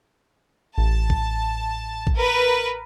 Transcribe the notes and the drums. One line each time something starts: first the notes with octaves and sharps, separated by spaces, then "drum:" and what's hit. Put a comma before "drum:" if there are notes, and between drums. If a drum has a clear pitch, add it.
A1 A5
drum: kick A1
drum: kick A1
A#4 B4